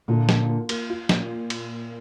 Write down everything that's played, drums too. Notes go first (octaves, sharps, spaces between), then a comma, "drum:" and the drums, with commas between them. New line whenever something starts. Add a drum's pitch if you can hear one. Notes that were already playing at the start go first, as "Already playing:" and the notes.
A#2 D3 F4
A#3, drum: snare
A#3
A#3, drum: cymbal
F4
A#2, drum: snare
drum: cymbal